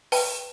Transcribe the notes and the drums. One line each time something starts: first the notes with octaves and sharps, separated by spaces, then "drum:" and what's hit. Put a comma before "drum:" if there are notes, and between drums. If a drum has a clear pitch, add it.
B4 G5 A5, drum: open hi-hat